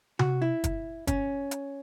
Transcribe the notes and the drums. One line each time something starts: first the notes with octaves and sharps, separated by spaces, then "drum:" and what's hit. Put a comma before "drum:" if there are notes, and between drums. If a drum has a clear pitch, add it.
F#4, drum: tom C3
E4
drum: kick, hi-hat
C#4, drum: kick, hi-hat
drum: hi-hat